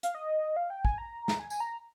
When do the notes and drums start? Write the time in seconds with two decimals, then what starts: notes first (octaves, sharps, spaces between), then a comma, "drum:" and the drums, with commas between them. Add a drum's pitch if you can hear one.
0.03 F5, drum: hi-hat
0.15 D#5
0.56 F5
0.70 G5
0.85 G#5, drum: kick
0.98 A#5
1.28 drum: snare
1.40 G#5
1.50 G#5, drum: tambourine
1.60 A#5